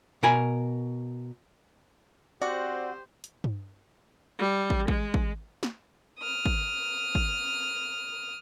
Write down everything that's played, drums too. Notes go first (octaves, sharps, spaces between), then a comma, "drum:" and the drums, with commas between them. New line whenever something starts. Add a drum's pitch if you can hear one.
B2 A#4 G#5 B5
C4 F#4 G4 C5 D5 F#5
drum: hi-hat
drum: tom G2
G3
drum: kick
G#3, drum: kick
drum: kick
drum: snare
D#6 F6
drum: kick
drum: kick